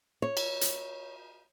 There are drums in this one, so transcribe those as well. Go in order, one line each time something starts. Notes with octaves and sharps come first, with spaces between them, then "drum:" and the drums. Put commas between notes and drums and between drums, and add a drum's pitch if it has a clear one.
C#5
drum: cymbal
drum: hi-hat